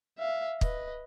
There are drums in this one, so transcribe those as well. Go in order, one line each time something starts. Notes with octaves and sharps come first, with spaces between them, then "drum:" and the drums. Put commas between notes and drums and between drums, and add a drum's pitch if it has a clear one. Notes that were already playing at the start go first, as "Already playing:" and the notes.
E5 F5
B4 D#5, drum: kick